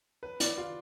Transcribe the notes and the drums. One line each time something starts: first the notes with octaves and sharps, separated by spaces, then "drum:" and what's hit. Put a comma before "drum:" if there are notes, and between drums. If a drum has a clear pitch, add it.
B4
D5, drum: hi-hat
F4